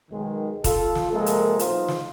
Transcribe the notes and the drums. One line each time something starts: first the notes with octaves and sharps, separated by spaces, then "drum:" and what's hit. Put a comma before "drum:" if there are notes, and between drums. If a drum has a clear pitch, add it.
B1 D#3 G#3
F4 A4, drum: kick, hi-hat
drum: snare
C3 F3 G#3 A#3 A4 A#4
drum: hi-hat
B1 E2 D#4 F4 C5, drum: hi-hat
drum: snare